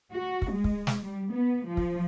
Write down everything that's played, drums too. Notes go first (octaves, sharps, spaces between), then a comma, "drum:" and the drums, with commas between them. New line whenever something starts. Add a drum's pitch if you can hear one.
F#4
drum: kick
G#3
drum: kick
drum: snare
G3
B3
F3
drum: kick